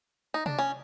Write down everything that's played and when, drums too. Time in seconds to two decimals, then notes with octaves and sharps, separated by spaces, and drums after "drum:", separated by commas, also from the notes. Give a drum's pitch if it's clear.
0.34 D#4
0.46 D4, drum: tom C3
0.58 C#4